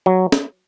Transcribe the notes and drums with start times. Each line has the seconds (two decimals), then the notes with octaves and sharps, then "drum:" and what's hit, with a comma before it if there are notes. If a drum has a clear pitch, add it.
0.06 F#3
0.32 drum: snare